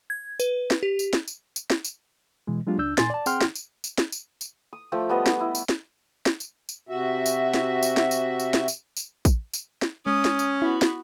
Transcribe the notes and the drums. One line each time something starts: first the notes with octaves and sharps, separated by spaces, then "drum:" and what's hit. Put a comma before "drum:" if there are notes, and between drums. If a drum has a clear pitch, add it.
G#6
B4, drum: tambourine
drum: snare
G4
drum: tambourine
drum: snare
drum: tambourine
drum: tambourine
drum: snare
drum: tambourine
B2 E3 G#3
F#3 G#3 A#3 D4 F4 G4
C#2 D4 E6 G6
A#2 G#5 C6 A6, drum: snare
D5 A5
C4 G#4 F#5 G5 C6 F6, drum: tambourine
drum: snare
drum: tambourine
drum: tambourine
drum: snare
drum: tambourine
drum: tambourine
D#6
F3 A3 G5
G3 B3 D#5
drum: snare
E4
drum: tambourine
drum: snare
drum: snare
drum: tambourine
drum: tambourine
C3 F#4 E5
drum: tambourine
drum: snare
drum: tambourine
drum: snare
drum: tambourine
drum: tambourine
drum: snare
drum: tambourine
drum: tambourine
drum: kick, tambourine
drum: tambourine
drum: snare
G#3 C#4 D#6
drum: snare
drum: tambourine
B3 E4 F#4
drum: snare